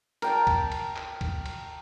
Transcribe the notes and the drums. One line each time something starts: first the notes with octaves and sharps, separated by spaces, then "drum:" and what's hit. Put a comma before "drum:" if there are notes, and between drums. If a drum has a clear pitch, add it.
A#4 G5 A5, drum: cymbal
drum: kick C2, cymbal
drum: cymbal
drum: clap
drum: kick C2, cymbal
drum: cymbal